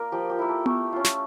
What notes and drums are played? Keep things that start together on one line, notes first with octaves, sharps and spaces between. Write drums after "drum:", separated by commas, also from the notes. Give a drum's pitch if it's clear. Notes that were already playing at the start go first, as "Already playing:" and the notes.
Already playing: A#3 A#4 D5
F3 G4
G4
A#3 E4
A4
A3, drum: tom B3
C#4 F4
drum: snare